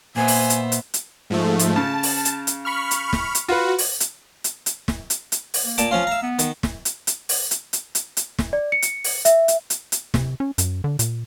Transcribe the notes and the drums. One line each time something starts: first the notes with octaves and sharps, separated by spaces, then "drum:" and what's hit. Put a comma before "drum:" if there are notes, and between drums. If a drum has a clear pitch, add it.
A#2 B3 C5 E5 G#5
drum: open hi-hat
drum: hi-hat
drum: hi-hat
drum: hi-hat
G#2 F3 A3
drum: hi-hat
C#3 A5
drum: open hi-hat
drum: hi-hat
drum: hi-hat
B5 C#6 F6
drum: hi-hat
drum: snare
drum: hi-hat
F4 F#4 B4
drum: open hi-hat
drum: hi-hat
drum: hi-hat
drum: hi-hat
drum: snare
drum: hi-hat
drum: hi-hat
drum: open hi-hat
A#3
A#2 A5 D6, drum: hi-hat
F3 C#4 F4 F5
E5 A#5
B3
D#3, drum: hi-hat
drum: snare
drum: hi-hat
drum: hi-hat
drum: open hi-hat
drum: hi-hat
drum: hi-hat
drum: hi-hat
drum: hi-hat
drum: snare
D5
C#7
drum: hi-hat
drum: open hi-hat
E5, drum: hi-hat
drum: hi-hat
drum: hi-hat
drum: hi-hat
C3, drum: snare
C#4
F#2, drum: hi-hat
D3
A#2, drum: hi-hat